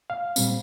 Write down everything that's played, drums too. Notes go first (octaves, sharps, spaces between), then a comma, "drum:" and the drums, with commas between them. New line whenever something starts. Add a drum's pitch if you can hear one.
F5
A#2 G3 C4, drum: tambourine